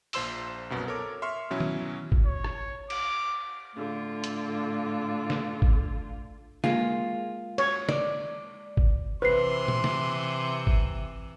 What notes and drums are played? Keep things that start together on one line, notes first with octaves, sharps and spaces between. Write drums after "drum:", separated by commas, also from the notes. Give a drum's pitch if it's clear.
A#1 F3 C5 C6 E6 E7, drum: open hi-hat
C2 F#2 B2
A4 A#4 C#5 D6
E5 C6 C#6 F6
B2 E3 F#3 C#4 E4
drum: tom D#3
drum: kick G1
C#5
drum: rim click
D6, drum: cymbal
A2 D3 F4
drum: hi-hat
drum: snare
drum: kick G1
G#3 A#3 F4 G#4, drum: snare
C#5, drum: cymbal
D5, drum: snare
drum: kick G1
C3 E3 B4 C5 C6 C7
drum: tom A#2
drum: snare
drum: kick G1